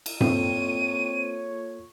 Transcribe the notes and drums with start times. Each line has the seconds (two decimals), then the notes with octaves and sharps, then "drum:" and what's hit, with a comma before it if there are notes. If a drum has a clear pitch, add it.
0.06 drum: cymbal
0.20 A#3 C4 F4 A4 C#5 D#7, drum: tom G2